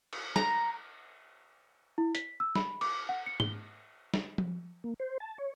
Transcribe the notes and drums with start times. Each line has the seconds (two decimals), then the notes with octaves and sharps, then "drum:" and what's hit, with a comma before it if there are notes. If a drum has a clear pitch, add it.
0.13 drum: cymbal
0.36 A#5, drum: snare
1.98 E4
2.15 B6, drum: hi-hat
2.40 E6
2.55 B5, drum: snare
2.81 D6, drum: cymbal
3.09 F#5
3.26 C#7
3.40 G7, drum: tom G#2
4.14 drum: snare
4.38 drum: tom F3
4.84 A#3
5.00 C5
5.20 A5
5.38 C#5